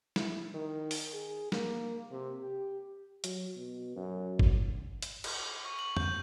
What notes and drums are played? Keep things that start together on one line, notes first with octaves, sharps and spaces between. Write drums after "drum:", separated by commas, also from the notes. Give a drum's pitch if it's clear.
E4, drum: snare
D#3
drum: open hi-hat
G#4
A#3, drum: snare
C3
G4
F#3, drum: hi-hat
B2
F#2
drum: kick G1
drum: hi-hat
drum: cymbal
C#6
F#7
G6, drum: tom F2